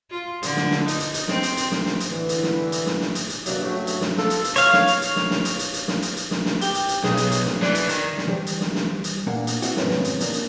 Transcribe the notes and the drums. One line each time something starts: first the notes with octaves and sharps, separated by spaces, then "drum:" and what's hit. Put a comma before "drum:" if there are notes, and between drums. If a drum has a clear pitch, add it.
F4
D3, drum: hi-hat
drum: snare
drum: snare
D#4, drum: hi-hat
drum: hi-hat
drum: hi-hat
C4, drum: snare
drum: hi-hat
drum: hi-hat
drum: snare
drum: snare
drum: hi-hat
A2 D3 E3
drum: hi-hat
drum: snare
drum: hi-hat
drum: snare
drum: snare
drum: hi-hat
drum: hi-hat
C3 E3 F#3 A#3 D4, drum: hi-hat
G2 C#3 F#3 A3
drum: hi-hat
drum: snare
F4 A4, drum: snare
drum: hi-hat
drum: hi-hat
C#5 F5, drum: hi-hat
drum: snare
drum: hi-hat
drum: hi-hat
drum: snare
drum: snare
drum: hi-hat
drum: hi-hat
drum: hi-hat
drum: snare
drum: hi-hat
drum: hi-hat
drum: snare
drum: snare
G4, drum: hi-hat
drum: hi-hat
drum: hi-hat
B1 G#4, drum: snare
drum: hi-hat
drum: hi-hat
drum: snare
E3 D4, drum: snare
drum: hi-hat
D#3, drum: hi-hat
drum: snare
E3 G3 G4 C5 D5
drum: hi-hat
drum: snare
drum: snare
drum: hi-hat
A#2 A#3 D4 A#4 F5 F#5
drum: hi-hat
F3 C4 E4 F#4, drum: hi-hat
F2 G#2 C3 D#3 B3 C#4, drum: snare
drum: snare
drum: hi-hat
F3 A#3 D4, drum: hi-hat
drum: hi-hat